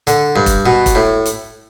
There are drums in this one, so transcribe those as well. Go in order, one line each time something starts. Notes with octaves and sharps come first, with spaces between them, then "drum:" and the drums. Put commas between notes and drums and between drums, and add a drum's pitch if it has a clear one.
D3, drum: hi-hat
G2
drum: kick E1, hi-hat
B2
drum: kick E1, hi-hat
A2
drum: hi-hat